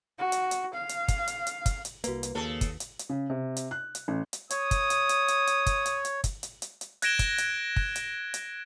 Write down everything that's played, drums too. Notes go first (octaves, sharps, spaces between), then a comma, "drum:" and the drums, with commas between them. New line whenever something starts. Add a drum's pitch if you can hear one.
F#4
drum: hi-hat
drum: hi-hat
F5
drum: hi-hat
drum: kick, hi-hat
drum: hi-hat
drum: hi-hat
drum: kick, hi-hat
drum: hi-hat
C2 A#3 F#4 B4, drum: hi-hat
drum: hi-hat
D#2 C#3 A#3 A4
drum: kick, hi-hat
drum: hi-hat
drum: hi-hat
C#3
C3
drum: hi-hat
F#6
drum: hi-hat
A1
drum: hi-hat
C#5 D#6, drum: hi-hat
drum: kick, hi-hat
drum: hi-hat
drum: hi-hat
drum: hi-hat
drum: hi-hat
drum: kick, hi-hat
drum: hi-hat
drum: hi-hat
drum: kick, hi-hat
drum: hi-hat
drum: hi-hat
drum: hi-hat
F#6 G#6 A#6 D7 E7 G7, drum: hi-hat
drum: kick, hi-hat
drum: hi-hat
drum: kick
drum: hi-hat
drum: hi-hat